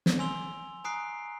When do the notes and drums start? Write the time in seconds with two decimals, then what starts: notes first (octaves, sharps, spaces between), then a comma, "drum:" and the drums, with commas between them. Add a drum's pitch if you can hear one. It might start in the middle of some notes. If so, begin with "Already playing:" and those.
0.06 drum: snare
0.19 G#5 C6 E6 F7 G7
0.84 G#5 A#5 D#6 F#6 C7 D7